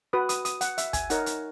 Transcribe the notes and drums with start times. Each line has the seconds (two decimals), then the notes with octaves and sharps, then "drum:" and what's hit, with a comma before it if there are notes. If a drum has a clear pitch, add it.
0.13 F#4 B4 D#6
0.29 D#6, drum: hi-hat
0.45 D#6, drum: hi-hat
0.61 F#5, drum: hi-hat
0.78 E5, drum: hi-hat
0.93 G#5, drum: kick, hi-hat
1.10 D#4 A#4 C#5 F#5, drum: hi-hat
1.26 drum: hi-hat